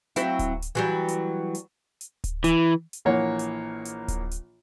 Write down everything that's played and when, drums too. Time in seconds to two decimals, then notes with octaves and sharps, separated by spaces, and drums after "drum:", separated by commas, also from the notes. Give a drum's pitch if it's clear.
0.16 F#3 C4 E4, drum: hi-hat
0.39 drum: kick D1, hi-hat
0.62 drum: hi-hat
0.75 E3 F#3 G3
1.08 drum: hi-hat
1.55 drum: hi-hat
2.01 drum: hi-hat
2.24 drum: kick D1, hi-hat
2.44 E3, drum: hi-hat
2.93 drum: hi-hat
3.05 A#1 E3 A#3 C#5 F#5
3.39 drum: hi-hat
3.85 drum: hi-hat
4.08 drum: kick D1, hi-hat
4.31 drum: hi-hat